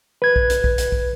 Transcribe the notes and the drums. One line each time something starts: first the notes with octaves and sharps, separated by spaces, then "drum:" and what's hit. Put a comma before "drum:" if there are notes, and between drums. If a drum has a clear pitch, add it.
B4 G#6
drum: kick
drum: hi-hat
drum: kick
drum: hi-hat
drum: kick